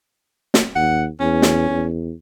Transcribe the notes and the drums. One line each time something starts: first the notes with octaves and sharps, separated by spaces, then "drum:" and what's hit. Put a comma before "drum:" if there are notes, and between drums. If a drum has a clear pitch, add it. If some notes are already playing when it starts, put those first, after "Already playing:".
drum: snare
D#2 F#5
E2 C#4
drum: snare
E2